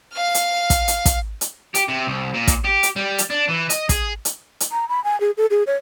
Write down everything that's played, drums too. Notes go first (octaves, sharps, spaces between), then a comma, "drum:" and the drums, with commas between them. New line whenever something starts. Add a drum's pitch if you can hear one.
F5 F6
drum: hi-hat
drum: kick, hi-hat
drum: hi-hat
drum: kick, hi-hat
drum: hi-hat
G4, drum: hi-hat
C3
C2
A#2
drum: kick, hi-hat
G4
drum: hi-hat
G3
drum: hi-hat
D4
E3
D#5, drum: hi-hat
G#4, drum: kick, hi-hat
drum: hi-hat
drum: hi-hat
A#5
B5
G#5
G#4
A4
G#4
C#5